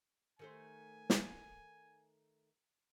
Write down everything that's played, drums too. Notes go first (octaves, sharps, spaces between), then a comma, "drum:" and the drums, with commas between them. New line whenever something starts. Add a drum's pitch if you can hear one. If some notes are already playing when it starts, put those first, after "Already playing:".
D#3 A3 C5 G#5
drum: snare